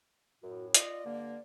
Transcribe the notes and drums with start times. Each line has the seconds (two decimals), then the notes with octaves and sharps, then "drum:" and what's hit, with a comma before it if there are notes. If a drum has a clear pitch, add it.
0.42 F#2 A2 F#4
0.74 F4 D5 D#5, drum: hi-hat
1.05 G2 D3 A#3